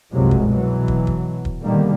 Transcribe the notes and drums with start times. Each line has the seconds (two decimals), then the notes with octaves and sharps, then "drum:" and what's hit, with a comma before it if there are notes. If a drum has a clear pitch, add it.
0.13 C2 F#2 C3 F3 F#3 G#3
0.31 drum: kick
0.46 B2 E3 F#3
0.88 drum: kick
1.07 drum: kick
1.45 drum: kick
1.64 B2 D3 D#3 G3 A#3